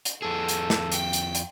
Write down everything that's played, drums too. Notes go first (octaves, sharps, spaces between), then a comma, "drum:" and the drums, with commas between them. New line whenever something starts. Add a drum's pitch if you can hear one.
drum: hi-hat
F2 G#4 A4
drum: hi-hat
drum: snare
G5 B6, drum: hi-hat
drum: hi-hat
drum: hi-hat